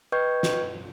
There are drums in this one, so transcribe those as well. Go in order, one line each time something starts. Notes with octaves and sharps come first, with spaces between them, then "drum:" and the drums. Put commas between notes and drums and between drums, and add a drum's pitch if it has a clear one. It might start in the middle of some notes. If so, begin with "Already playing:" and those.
B4 D#5 G5 C#6 G6 G#6
drum: snare